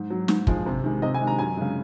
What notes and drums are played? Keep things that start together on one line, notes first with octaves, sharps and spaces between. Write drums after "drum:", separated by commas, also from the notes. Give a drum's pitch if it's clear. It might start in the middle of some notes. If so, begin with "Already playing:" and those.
Already playing: G#2
F#3
G#2, drum: snare
F3 G#3, drum: kick
C3
D#3 G#3
C3 D#5
G#5
D#3 G#3
A#5
F#2 G#5
C#3 G#3